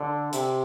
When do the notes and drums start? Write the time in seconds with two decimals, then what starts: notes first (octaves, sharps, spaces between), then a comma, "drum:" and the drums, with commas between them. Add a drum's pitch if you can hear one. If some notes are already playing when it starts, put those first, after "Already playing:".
Already playing: D3
0.33 C3, drum: hi-hat